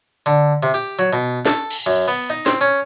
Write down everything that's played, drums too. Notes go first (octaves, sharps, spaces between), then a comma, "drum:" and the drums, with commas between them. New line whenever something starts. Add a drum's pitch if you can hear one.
D3
C3
G4
F#3
B2
A4, drum: snare
drum: cymbal
F#2
B3
D#4
C4, drum: snare
C#4